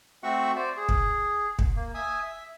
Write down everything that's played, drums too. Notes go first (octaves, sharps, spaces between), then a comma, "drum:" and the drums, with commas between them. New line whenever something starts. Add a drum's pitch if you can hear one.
A3 C4 F#4 E5 F#5 C#6
C5 D5
G#4
drum: kick
drum: kick
A#3
E5 G#5 D#6
E5